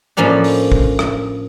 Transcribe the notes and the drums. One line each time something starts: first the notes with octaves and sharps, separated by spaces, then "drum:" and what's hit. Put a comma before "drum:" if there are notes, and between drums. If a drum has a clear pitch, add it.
A2 F3 A#3 C#4 D4
drum: open hi-hat
drum: kick
drum: rim click